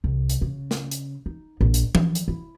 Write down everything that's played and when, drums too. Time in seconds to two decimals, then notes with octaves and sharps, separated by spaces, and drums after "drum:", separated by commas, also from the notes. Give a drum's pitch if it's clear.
0.04 C2
0.30 drum: hi-hat
0.42 C#3
0.71 drum: snare
0.91 drum: hi-hat
1.26 D#4
1.61 A#1
1.74 drum: hi-hat
1.95 F3, drum: tom E3
2.15 drum: hi-hat
2.28 E4